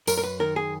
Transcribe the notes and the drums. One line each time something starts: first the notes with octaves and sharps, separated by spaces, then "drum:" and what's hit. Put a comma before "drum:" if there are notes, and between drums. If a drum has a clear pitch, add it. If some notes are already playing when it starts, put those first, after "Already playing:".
F#2 A#4, drum: tambourine
A#4
B4
D#3 A#4
G#4